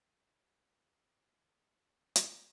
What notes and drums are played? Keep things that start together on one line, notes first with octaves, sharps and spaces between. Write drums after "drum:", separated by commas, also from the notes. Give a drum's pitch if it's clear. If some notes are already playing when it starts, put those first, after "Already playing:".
E6 F6 G6 A6
C2 F#5 D#6
F#2 B2 C4
G3 G#3 F4 F#4 A4 D#5
drum: hi-hat
A#5